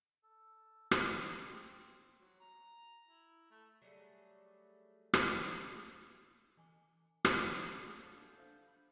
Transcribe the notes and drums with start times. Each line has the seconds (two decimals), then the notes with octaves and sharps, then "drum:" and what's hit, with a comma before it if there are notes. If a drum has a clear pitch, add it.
0.23 A4
0.91 drum: rim click
1.15 A#3
1.34 C4
2.20 F#3
2.40 A#5
3.07 E4
3.51 A3
3.82 F#3 G3 A3 G#4
5.14 drum: rim click
6.57 E3 G#5 D6
7.25 drum: rim click
7.36 D3 F3
7.56 G5
7.91 F#4 C#5 B5
8.15 D4 G6
8.37 A4 C5 F5
8.66 B5